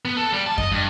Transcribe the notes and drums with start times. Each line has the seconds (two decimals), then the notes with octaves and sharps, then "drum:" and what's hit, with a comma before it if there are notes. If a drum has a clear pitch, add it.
0.05 B3
0.17 A4
0.33 G3
0.46 A5
0.58 D#5, drum: kick F#2
0.72 G2